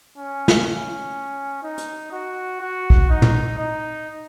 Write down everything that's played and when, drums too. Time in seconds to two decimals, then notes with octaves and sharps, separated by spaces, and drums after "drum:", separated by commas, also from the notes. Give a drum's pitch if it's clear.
0.18 C#4
0.48 drum: snare
0.66 C#4
1.63 D#4
1.78 drum: hi-hat
2.12 F#4
2.61 F#4
2.90 drum: kick
3.10 D#4
3.22 drum: tom
3.59 D#4